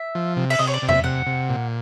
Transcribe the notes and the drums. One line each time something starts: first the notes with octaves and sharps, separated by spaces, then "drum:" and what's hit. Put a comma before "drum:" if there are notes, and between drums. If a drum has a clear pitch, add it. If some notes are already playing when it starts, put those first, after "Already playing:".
Already playing: E5
F3
C3
E5, drum: cymbal
C3 D#5
C#5
D5
C3
E5, drum: tom E2
C3 F#5
C3
A#2